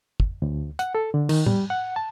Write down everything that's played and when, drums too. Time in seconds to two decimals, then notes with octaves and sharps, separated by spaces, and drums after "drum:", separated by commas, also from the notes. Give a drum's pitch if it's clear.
0.20 drum: kick
0.42 D2
0.79 F#5, drum: hi-hat
0.95 A4
1.14 D3
1.29 D#3, drum: cymbal
1.46 G3, drum: tom A2
1.70 F#5
1.96 A5